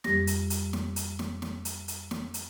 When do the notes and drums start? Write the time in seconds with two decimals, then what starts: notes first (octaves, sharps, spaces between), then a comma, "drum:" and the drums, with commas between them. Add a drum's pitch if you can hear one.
0.04 F2 G3 G4 A#6, drum: snare
0.27 drum: hi-hat
0.50 drum: hi-hat
0.73 drum: snare
0.96 drum: hi-hat
1.19 drum: snare
1.42 drum: snare
1.65 drum: hi-hat
1.88 drum: hi-hat
2.11 drum: snare
2.34 drum: hi-hat